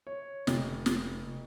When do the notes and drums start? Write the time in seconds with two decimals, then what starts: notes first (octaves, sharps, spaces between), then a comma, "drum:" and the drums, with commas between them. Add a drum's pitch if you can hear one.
0.07 C#5
0.47 F1, drum: snare
0.86 drum: snare